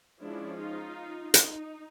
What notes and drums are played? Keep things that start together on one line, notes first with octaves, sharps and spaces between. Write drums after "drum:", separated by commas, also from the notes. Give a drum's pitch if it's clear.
F3 G#3 C#4 D4 E4
D#4 F4
D#4, drum: hi-hat